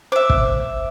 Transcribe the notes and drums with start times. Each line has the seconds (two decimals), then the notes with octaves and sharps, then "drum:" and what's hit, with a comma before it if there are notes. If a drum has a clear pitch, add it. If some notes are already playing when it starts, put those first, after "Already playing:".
0.12 C5 E5 D6
0.30 drum: kick